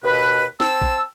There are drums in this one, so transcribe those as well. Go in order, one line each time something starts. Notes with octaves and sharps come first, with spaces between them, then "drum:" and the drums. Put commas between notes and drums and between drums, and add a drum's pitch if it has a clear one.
D#2 B2 B4
C4 A5 E6, drum: snare
drum: kick A#1